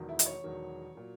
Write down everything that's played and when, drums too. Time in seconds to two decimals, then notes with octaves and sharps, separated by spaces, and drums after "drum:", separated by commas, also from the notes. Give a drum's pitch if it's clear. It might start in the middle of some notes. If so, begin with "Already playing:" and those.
Already playing: E1 E2 D#3 F#3
0.09 E4
0.19 D#5, drum: hi-hat
0.26 C#5
0.44 E1 E2 D#3 F#3
0.95 A#2 F#3